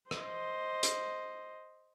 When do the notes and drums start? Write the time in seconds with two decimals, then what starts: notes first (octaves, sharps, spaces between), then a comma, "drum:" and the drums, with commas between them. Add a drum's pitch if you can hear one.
0.11 C5 D#5, drum: rim click
0.83 drum: hi-hat